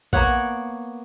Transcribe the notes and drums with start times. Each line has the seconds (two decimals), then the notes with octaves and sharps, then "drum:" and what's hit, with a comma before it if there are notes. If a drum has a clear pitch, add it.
0.13 A#3 B3 C#5 F#5, drum: kick